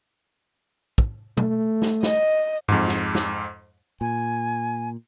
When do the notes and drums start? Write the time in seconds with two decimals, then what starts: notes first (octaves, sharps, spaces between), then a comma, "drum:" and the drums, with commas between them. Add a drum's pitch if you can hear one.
0.98 drum: kick
1.37 A3, drum: tom
1.82 drum: snare
2.03 D#5, drum: snare
2.68 F2 G#2, drum: tom G2
2.88 drum: snare
3.15 drum: snare
4.01 A#2 G#5